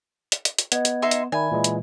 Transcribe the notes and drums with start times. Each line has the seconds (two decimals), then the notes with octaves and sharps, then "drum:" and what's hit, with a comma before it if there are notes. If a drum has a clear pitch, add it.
0.32 drum: hi-hat
0.45 drum: hi-hat
0.59 drum: hi-hat
0.72 B3 D#5 G#6, drum: hi-hat
0.85 drum: hi-hat
1.02 D#4 E5 C6
1.11 drum: hi-hat
1.32 D#3 D5 E5 G#5 B5
1.51 A#2 E3 G#3
1.64 drum: hi-hat